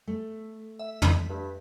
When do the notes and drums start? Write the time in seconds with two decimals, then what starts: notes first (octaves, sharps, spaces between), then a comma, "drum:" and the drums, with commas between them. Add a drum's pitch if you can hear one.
0.07 A3
0.79 E5
1.02 drum: tom
1.29 G2